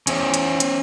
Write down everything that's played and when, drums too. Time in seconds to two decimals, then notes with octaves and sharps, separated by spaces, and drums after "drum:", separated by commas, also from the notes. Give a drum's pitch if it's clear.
0.07 E2 C#4 C5 C#5, drum: hi-hat
0.34 drum: hi-hat
0.60 drum: hi-hat